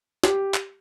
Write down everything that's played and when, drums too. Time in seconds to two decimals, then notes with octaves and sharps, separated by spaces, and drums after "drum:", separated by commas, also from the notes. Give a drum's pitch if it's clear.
0.24 G4, drum: snare
0.54 drum: clap